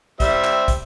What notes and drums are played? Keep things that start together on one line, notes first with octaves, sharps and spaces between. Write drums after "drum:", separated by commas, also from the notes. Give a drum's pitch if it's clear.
G3 C4 E5, drum: kick, hi-hat
drum: clap
drum: kick, hi-hat